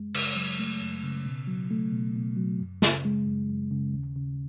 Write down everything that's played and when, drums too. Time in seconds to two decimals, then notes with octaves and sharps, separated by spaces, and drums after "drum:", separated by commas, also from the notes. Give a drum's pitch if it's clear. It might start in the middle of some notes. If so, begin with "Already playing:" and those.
Already playing: F#2 G#3
0.14 C#3, drum: cymbal
0.36 F#3
0.59 A3
0.81 F#2
1.04 C#3
1.26 B2
1.47 F#3
1.71 A3
1.92 B2
2.16 B2
2.37 F#3
2.60 F#2
2.82 C#3, drum: snare
3.05 G#3
3.27 F#2
3.49 F#2
3.71 C#3
3.94 D#2
4.16 C#3